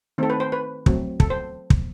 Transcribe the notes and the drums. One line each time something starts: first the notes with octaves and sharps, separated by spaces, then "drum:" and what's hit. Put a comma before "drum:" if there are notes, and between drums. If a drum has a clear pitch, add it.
D#3 A3 C4 A4
B4
C5
B4
F#3 A3 C4, drum: kick
A4, drum: kick
C5
drum: kick